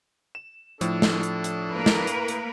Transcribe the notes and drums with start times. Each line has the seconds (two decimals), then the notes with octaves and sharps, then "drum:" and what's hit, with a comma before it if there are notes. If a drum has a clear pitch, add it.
0.35 E7
0.81 A2 F3 D4 A4, drum: hi-hat
1.02 drum: snare
1.23 drum: hi-hat
1.44 drum: hi-hat
1.70 A#3 A#4 B4
1.86 drum: snare
2.07 drum: hi-hat
2.28 drum: hi-hat